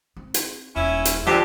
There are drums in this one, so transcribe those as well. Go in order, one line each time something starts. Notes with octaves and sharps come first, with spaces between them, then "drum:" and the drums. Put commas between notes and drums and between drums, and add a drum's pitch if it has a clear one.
C4
drum: hi-hat
D#1 C#4 E4
drum: hi-hat
A#2 D3 F3 D4 G4